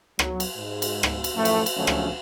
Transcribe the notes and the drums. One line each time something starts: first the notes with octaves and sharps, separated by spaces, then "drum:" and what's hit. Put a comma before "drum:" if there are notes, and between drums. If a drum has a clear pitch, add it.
F#3, drum: rim click
drum: cymbal
G#2
drum: cymbal
drum: rim click
drum: cymbal
F#2 A2 F3 A3
drum: cymbal
drum: cymbal
A#1 D3 F3 F#3 A3 C#4
drum: rim click